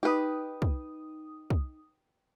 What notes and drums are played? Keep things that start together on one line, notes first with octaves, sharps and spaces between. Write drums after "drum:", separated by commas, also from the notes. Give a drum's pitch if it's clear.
D#4 G4 B4 D#6
drum: kick
drum: kick